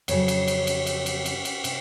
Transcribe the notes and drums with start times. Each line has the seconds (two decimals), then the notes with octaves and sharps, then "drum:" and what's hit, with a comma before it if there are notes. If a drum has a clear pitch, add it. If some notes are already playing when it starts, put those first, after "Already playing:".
0.08 F2 C#3 F#3 C#5, drum: cymbal
0.28 drum: cymbal
0.48 drum: cymbal
0.67 drum: cymbal
0.87 drum: cymbal
1.06 drum: cymbal
1.25 drum: cymbal
1.45 drum: cymbal
1.64 C3, drum: cymbal